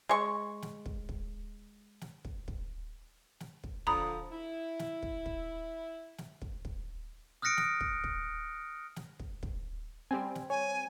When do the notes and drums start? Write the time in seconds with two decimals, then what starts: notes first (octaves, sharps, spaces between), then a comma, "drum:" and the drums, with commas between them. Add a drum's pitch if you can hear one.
0.09 G#3 C#6
0.62 drum: snare
0.86 drum: kick
1.09 drum: kick
2.01 drum: snare
2.25 drum: kick
2.48 drum: kick
3.40 drum: snare
3.64 drum: kick
3.87 D3 F3 A#5 B5 D#6, drum: kick
4.32 E4
4.79 drum: snare
5.03 drum: kick
5.26 drum: kick
6.18 drum: snare
6.42 drum: kick
6.65 drum: kick
7.42 D#6 F6 F#6 A#6 C#7 D7
7.57 drum: snare
7.81 drum: kick
8.04 drum: kick
8.96 drum: snare
9.19 drum: kick
9.43 drum: kick
10.11 G3 C4 G#5
10.35 drum: snare
10.50 C#5 G#5